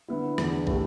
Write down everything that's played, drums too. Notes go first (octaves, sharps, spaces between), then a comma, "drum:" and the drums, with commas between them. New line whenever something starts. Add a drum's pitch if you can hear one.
D3 B3 E4
E2 D3 B3, drum: rim click
A2 A3 E4 G4, drum: kick